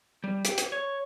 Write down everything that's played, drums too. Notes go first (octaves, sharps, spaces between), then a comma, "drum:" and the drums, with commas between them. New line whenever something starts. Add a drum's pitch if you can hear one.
G3
G4, drum: hi-hat
drum: hi-hat
C#5